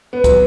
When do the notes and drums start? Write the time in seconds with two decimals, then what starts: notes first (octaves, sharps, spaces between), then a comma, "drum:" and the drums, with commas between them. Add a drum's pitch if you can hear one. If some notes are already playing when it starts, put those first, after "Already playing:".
0.13 B3
0.24 F#3, drum: kick, hi-hat